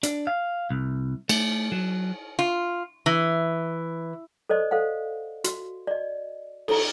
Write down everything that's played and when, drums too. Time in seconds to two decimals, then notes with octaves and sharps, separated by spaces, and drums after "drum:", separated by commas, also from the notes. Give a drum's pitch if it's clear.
0.03 D4, drum: hi-hat
0.27 F5
0.70 C2
1.29 A3, drum: cymbal
1.72 F#3
2.39 F4
3.06 E3
4.49 A4 C5 D5 D#5
4.71 A4 C5 F5 F#5
5.44 F#4, drum: hi-hat
5.87 D5 D#5
6.68 A4 A#5, drum: cymbal